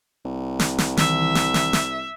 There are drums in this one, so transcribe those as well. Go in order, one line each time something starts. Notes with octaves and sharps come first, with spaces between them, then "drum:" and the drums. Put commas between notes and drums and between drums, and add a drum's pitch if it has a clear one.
C2
drum: snare
drum: snare
D#3 E3 E5, drum: snare
drum: snare
drum: snare
drum: snare